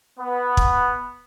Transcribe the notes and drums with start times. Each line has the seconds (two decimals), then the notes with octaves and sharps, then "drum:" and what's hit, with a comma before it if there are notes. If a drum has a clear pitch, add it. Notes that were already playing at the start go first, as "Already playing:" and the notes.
0.20 B3
0.57 drum: kick